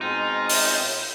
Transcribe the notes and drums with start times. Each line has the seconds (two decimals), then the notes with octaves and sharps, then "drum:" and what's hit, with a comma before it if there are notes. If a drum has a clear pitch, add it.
0.01 B2 G#3 C4 D#4 F4
0.49 drum: open hi-hat